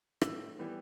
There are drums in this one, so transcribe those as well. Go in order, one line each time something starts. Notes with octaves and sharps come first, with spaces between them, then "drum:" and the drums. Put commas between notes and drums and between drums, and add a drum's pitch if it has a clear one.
A2 E6, drum: rim click
E3 G3 B3